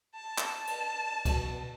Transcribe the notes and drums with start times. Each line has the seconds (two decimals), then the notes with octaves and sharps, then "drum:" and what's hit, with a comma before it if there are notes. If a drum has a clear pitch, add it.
0.15 A5
0.38 drum: clap
0.67 drum: cymbal
1.25 B2, drum: kick C2, cymbal